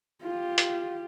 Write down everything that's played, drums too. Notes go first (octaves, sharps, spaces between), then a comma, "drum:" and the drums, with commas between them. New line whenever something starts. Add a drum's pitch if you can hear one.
F4 G4
drum: hi-hat